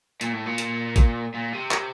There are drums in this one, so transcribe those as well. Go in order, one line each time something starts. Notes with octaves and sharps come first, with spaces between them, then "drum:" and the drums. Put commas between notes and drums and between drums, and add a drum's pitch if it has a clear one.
A#2, drum: hi-hat
A2
A#2
drum: hi-hat
drum: kick, hi-hat
A#2
C3
drum: clap